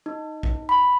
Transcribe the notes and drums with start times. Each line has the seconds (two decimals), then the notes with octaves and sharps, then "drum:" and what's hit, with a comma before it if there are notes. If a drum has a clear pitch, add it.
0.06 D#4
0.43 drum: kick
0.69 B5